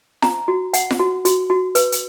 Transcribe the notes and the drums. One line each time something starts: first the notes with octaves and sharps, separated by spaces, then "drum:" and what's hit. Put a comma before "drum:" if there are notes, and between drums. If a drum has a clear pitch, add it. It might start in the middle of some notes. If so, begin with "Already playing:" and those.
A#5, drum: snare F4
F#4
F#5, drum: hi-hat
drum: snare F4
F#4
F#4, drum: hi-hat
F#4
B4, drum: hi-hat
drum: hi-hat